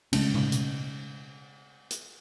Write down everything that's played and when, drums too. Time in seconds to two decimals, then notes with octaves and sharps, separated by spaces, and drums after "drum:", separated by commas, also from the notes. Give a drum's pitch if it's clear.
0.13 C#3 G#3 A3 C#4, drum: cymbal
0.34 drum: tom B2
0.52 drum: hi-hat
1.91 drum: hi-hat